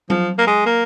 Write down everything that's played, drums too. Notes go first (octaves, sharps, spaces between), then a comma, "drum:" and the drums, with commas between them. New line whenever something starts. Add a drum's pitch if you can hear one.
F3, drum: tom F#3
A#3
G#3
A#3